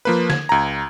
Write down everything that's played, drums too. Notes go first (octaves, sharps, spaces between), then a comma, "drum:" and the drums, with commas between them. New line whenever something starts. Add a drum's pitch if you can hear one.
F3 A#3 B4
G#6, drum: snare
C#2 A#5